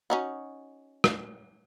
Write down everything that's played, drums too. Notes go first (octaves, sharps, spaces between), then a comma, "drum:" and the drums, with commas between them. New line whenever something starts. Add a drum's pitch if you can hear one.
C#4 D#4 F#4
drum: rim click